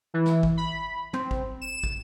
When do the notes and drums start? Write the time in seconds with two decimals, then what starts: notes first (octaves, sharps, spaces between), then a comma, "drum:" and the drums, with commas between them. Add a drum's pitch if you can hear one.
0.14 E3
0.26 drum: snare
0.43 drum: kick
0.57 B5
1.13 C4, drum: tom
1.31 drum: kick
1.61 E7
1.83 drum: kick